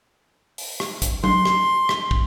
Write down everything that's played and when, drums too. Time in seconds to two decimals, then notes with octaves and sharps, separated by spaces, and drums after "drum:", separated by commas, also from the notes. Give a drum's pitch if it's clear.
0.58 drum: open hi-hat
0.80 drum: rim click
1.02 drum: kick, hi-hat
1.24 C6, drum: tom
1.45 drum: rim click
1.89 drum: rim click
2.11 drum: kick